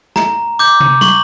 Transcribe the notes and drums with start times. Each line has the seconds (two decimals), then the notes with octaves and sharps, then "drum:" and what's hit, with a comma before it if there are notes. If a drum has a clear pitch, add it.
0.16 A#5, drum: snare
0.59 D6 G6
0.80 drum: tom
1.01 C#6 F#7, drum: tom